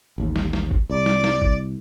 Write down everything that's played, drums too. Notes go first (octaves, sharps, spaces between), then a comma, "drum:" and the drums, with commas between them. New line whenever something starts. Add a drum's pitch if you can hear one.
A1 D#2
drum: snare
drum: snare
drum: kick
C2 D5
drum: snare
drum: snare
drum: kick